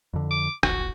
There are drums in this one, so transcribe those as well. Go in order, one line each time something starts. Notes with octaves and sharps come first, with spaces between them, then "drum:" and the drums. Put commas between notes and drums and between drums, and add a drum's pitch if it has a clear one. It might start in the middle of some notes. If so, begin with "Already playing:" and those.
F2 D3
D6
D1 G1 F#4, drum: rim click